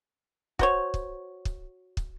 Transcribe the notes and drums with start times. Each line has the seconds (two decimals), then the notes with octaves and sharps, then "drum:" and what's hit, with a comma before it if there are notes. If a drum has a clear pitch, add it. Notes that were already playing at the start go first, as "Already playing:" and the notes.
0.59 F#4 C5 C#5, drum: kick
0.94 drum: kick
1.45 drum: kick
1.97 drum: kick